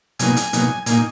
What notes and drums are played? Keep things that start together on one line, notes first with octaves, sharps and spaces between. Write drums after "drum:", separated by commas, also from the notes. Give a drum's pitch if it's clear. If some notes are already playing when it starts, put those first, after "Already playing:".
B2 F#3 A#3 D#4 G#5, drum: hi-hat
drum: hi-hat
B2 F#3 A#3 D#4, drum: hi-hat
A#2 A#3 D#4 G#5, drum: hi-hat